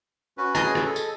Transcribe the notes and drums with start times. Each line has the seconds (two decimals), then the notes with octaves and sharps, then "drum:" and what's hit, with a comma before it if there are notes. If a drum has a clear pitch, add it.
0.38 C#4 F#4 B4
0.55 G#4 D#5, drum: rim click
0.75 drum: rim click
0.85 A4
0.96 drum: tambourine